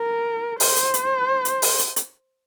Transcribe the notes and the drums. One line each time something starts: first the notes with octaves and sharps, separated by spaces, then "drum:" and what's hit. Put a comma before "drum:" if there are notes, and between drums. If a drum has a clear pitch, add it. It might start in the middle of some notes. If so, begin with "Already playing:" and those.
Already playing: A#4
C5, drum: open hi-hat
drum: hi-hat
drum: hi-hat
drum: hi-hat
drum: open hi-hat
drum: hi-hat
drum: hi-hat